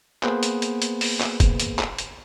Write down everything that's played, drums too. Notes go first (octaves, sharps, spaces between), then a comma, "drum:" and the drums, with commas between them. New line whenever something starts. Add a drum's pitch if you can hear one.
A#3 B3 G#4 B4 C5, drum: clap
drum: hi-hat
drum: hi-hat
drum: hi-hat
drum: open hi-hat
drum: clap
drum: kick, hi-hat
drum: hi-hat
drum: clap
drum: hi-hat